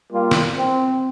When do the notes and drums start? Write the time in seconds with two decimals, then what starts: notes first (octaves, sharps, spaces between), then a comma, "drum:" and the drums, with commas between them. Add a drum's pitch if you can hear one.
0.13 G3 A#3 F4
0.31 drum: snare
0.57 C4